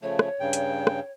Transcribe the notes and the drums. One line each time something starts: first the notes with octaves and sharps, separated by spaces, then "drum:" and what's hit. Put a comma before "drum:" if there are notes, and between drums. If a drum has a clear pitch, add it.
C#3 F3 A3 C#5
drum: rim click
G2 C#3 G5
drum: hi-hat
drum: rim click